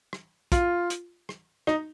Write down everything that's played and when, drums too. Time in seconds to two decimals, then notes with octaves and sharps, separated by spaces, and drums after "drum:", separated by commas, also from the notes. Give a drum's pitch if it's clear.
0.13 drum: rim click
0.52 F4, drum: kick, hi-hat
0.90 drum: hi-hat
1.29 drum: rim click
1.67 D#4, drum: rim click